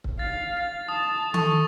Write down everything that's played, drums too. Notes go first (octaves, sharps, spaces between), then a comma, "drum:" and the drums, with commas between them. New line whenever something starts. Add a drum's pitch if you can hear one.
drum: kick C#1
F5 A6
A6
A5 D#6
A4 C#6 D#6, drum: tom D#3